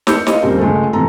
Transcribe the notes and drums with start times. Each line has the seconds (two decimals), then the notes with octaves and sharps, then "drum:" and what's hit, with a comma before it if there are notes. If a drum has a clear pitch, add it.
0.07 E6 G6 C#7, drum: snare
0.27 F4 D#5, drum: snare
0.42 D#1 C#3 G3 C4 A#4
0.58 C#2 G#3 A3 A4
0.93 G#2 C3 E3 A4 A#5